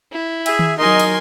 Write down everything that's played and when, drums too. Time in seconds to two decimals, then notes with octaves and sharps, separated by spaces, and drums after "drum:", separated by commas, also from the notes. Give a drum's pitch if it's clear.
0.12 E4
0.46 G#4 E5, drum: cymbal
0.59 drum: tom D#3
0.79 F#3 D#4 A#4 D#5 G#5 C6
1.00 drum: cymbal